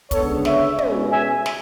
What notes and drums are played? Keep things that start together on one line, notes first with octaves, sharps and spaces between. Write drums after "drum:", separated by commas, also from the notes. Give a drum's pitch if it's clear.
D2 C#3 G#3 B3 D4 A4 C#5, drum: kick, hi-hat
C#5 E5, drum: snare
B2 G#3 C#4, drum: tom
E5 G#5
drum: snare